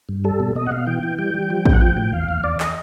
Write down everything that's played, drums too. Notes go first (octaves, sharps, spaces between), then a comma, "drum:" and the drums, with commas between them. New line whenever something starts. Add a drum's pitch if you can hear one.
G2
G3 A4
B2
B2 D#5
F#5
B2 F5
E3 G5
E3
G3 G5
G3
F3
A2, drum: kick
F#5
F3 G5
A2 G5
E2 F5
E2
E2 D5
D#5, drum: clap